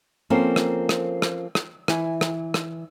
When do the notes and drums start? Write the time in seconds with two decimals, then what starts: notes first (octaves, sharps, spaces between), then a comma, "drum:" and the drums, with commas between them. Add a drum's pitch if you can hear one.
0.30 F3 A#3 C4 C#4 A4 A#4
0.56 drum: rim click
0.89 drum: rim click
1.22 drum: rim click
1.55 drum: rim click
1.88 E3 G#5, drum: rim click
2.21 drum: rim click
2.54 drum: rim click